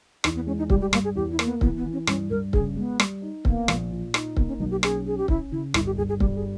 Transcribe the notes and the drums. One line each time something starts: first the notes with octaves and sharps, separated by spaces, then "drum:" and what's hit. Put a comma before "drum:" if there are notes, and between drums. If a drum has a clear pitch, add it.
E2 D#4, drum: rim click
B3
G#3 C#4
D#4
G3 G4, drum: kick C#1
G4
G2 A#3, drum: rim click
G#4
E2 G4
E4
A#3, drum: rim click
B3
E3 B3, drum: kick C#1
B3
E3
C#4
G2 C#4, drum: rim click
G2 A#4
C#3 G#4, drum: kick C#1
G#3 B3
G3, drum: rim click
D#4
A#3 B3, drum: kick C#1
A#1, drum: rim click
A#2
D#4, drum: rim click
A#3 B3, drum: kick C#1
C#4
B1 D#4
G4
C#4 G#4, drum: rim click
C#4 G#4
G4
C#4 E4, drum: kick C#1
C#3 E4
G1 E4, drum: rim click
G4
G1 G#4
G#4
G3 G4, drum: kick C#1
G#4